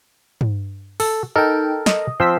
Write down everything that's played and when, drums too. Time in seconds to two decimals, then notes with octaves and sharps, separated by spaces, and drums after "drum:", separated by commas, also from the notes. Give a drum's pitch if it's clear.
0.41 drum: tom G2
1.00 A4, drum: open hi-hat
1.36 D#4 A4 A#4 G5
1.86 D#5, drum: snare
2.20 F3 C4 C6 E6 B6